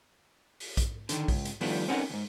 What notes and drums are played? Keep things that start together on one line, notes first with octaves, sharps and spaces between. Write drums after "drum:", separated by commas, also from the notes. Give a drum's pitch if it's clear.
drum: open hi-hat
drum: kick A#1, hi-hat
D3 D#3, drum: hi-hat
C#2, drum: kick A#1, open hi-hat
drum: hi-hat
D#3 F3 G3 A3 B3 D4, drum: open hi-hat
C4 C#4 D#4 G#4 A#4 F#5
D2 G#2